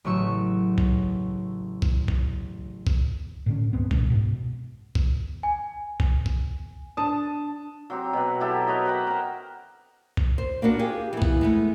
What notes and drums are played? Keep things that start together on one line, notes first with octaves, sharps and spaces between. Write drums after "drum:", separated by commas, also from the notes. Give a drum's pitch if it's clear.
A1 C#3 F#3 C#6 E6
drum: kick B1
drum: kick B1
drum: kick B1
drum: kick B1
A2 D3 C#4
C#2 G2 B3 C4
A1 A#2 G#3 C#4, drum: kick B1
G#2 B2
drum: kick B1
G#5
drum: kick B1
drum: kick B1
D4 A5 D#6
F#3 C4 G4
B2 B4
F#3 E4 G4 A4
A#4 B4 C#5 D#5
C5 F#5 G5 B5
A#4 C5
drum: kick B1
C5
A#3 B3 D4 F#4
F4 G4 G#4
E3 B3
drum: kick B1
G#3 A3 B3